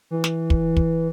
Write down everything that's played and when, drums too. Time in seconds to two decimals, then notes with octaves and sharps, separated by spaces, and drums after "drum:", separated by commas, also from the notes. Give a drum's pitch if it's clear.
0.11 E3
0.24 drum: snare
0.50 drum: kick
0.77 drum: kick